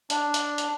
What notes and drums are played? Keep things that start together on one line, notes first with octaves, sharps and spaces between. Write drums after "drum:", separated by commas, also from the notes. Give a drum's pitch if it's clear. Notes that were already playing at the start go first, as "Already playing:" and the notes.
D4, drum: hi-hat
drum: hi-hat
drum: hi-hat